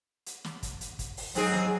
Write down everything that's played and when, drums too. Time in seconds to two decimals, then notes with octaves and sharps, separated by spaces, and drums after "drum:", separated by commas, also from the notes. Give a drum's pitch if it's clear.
0.26 drum: hi-hat
0.44 drum: snare
0.63 drum: kick, hi-hat
0.81 drum: hi-hat
0.99 drum: kick, hi-hat
1.17 drum: open hi-hat
1.35 G#2 F#3 C4 G#4, drum: hi-hat
1.53 drum: snare